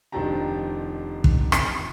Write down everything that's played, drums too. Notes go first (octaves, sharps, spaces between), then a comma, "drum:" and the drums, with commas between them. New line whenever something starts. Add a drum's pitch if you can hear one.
F1 D#3 F3 D4 G4 A#5
drum: kick
drum: rim click